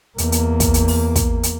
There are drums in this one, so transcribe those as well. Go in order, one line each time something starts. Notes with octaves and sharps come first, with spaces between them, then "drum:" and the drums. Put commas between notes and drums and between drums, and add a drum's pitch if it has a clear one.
E2 A#3, drum: hi-hat
drum: hi-hat
drum: kick, hi-hat
drum: hi-hat
drum: open hi-hat
drum: kick, hi-hat
drum: hi-hat